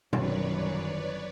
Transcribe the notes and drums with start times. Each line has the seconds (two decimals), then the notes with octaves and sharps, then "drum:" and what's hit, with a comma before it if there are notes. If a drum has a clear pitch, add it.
0.13 G1 C2 F#2 D#3 B4 C#5 D5, drum: tom